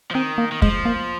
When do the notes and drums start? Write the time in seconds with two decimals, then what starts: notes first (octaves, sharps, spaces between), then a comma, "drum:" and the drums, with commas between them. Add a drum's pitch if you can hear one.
0.11 F3
0.15 D#3 C4
0.38 A#3
0.52 D#3
0.62 F3 G#3, drum: kick
0.85 A#3